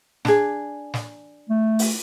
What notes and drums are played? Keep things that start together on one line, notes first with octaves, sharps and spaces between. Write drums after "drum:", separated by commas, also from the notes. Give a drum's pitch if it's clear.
D4 G#4, drum: snare
drum: snare
A3
drum: open hi-hat